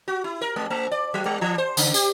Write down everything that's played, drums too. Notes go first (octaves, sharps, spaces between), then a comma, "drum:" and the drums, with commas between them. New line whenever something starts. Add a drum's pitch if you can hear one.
F#4
E4
A#4
G#3
A3
D5
F#3
G3
E3
C5
C#3, drum: tambourine
G4, drum: tambourine